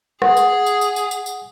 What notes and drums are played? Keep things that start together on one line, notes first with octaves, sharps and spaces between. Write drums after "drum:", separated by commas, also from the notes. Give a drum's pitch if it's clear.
G#4 F#5, drum: rim click
drum: tambourine
drum: tambourine
drum: tambourine
drum: tambourine
drum: tambourine
drum: tambourine